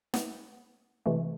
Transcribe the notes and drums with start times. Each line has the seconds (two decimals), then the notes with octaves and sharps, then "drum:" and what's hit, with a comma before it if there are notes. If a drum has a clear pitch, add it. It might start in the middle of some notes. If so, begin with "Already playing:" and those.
0.14 B3, drum: snare
1.06 C3 E3 G#3 A3